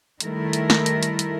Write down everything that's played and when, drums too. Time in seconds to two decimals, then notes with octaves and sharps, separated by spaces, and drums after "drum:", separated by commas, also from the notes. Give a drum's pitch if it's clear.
0.20 D#3 G3 A3 E4 A#4, drum: hi-hat
0.53 drum: hi-hat
0.70 drum: snare
0.86 drum: hi-hat
1.03 drum: hi-hat
1.19 drum: hi-hat